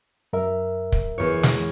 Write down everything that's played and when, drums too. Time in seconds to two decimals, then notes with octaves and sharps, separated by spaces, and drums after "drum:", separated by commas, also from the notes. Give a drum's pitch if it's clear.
0.33 F#2 A#4 E5
0.92 drum: kick
1.18 E2 C#5
1.43 drum: snare